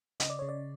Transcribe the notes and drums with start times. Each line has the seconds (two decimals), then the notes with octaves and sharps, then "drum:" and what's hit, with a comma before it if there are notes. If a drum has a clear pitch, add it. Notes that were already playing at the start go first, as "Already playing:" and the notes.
0.20 C#3 D#5, drum: hi-hat
0.30 D5
0.39 C#3 C#5
0.49 D5